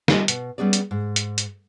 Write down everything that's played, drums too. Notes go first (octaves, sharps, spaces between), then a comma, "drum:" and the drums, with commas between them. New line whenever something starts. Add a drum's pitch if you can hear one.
G3 F4 D#5 G#5, drum: snare
B2, drum: hi-hat
G3 B3 C#4 G#4 D5
drum: hi-hat
G#2
drum: hi-hat
drum: hi-hat